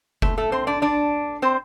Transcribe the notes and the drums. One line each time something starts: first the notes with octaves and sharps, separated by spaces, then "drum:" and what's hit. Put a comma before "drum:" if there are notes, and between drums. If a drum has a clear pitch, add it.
A3, drum: kick F1
A3 A4
C4 C5
D4 D5
D4 D5
C4 C5